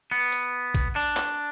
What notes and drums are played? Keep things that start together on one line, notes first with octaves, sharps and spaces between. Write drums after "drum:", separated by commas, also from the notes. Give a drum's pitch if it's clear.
B3
drum: hi-hat
drum: kick A#1, hi-hat
D4
drum: clap